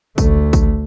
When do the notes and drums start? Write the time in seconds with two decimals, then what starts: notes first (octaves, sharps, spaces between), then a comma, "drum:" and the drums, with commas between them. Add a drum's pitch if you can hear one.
0.18 D2 A3, drum: kick, tambourine
0.53 drum: kick, tambourine